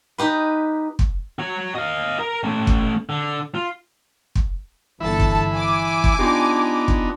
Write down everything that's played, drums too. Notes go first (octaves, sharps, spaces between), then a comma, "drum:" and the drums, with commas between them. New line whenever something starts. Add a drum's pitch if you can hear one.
D#4 G4 B4
drum: kick
F#4 C#5
D#5 F5
A#4
A3 C#4
drum: kick
D3
F4
drum: kick
G1 E3 E4 A4 E5 A5
drum: kick
G#5 D6
drum: kick
B3 D4 D#4 F4 G4
drum: kick